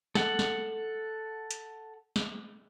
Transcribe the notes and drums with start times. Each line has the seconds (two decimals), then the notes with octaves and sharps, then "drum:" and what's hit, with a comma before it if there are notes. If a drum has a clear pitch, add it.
0.15 A4 F#5, drum: snare
0.39 drum: snare
1.51 drum: hi-hat
2.16 drum: snare